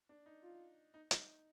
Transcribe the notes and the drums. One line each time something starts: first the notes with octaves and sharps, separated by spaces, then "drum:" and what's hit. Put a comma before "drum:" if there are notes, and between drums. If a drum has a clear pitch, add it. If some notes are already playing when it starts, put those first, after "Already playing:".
D4
D#4
F4
D#4
D#4, drum: hi-hat